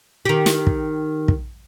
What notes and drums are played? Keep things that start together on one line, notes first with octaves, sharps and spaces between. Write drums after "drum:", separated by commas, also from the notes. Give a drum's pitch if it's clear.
D#3 G4
drum: snare
drum: kick
drum: kick